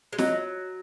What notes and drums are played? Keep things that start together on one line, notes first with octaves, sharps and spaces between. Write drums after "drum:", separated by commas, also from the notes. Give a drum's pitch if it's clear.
G#3
F#3 D#5, drum: snare